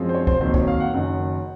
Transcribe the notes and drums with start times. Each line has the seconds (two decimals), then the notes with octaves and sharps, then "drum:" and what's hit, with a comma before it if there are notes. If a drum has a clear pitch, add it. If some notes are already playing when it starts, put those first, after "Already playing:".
Already playing: F#2 F3 G#3 C4
0.09 C5
0.15 C#5
0.27 C5, drum: kick
0.41 F2 D#3 F#3 A#3 C5
0.54 C#5, drum: kick
0.68 F5
0.80 F#5
0.93 F#1 F#2 D#3 F#5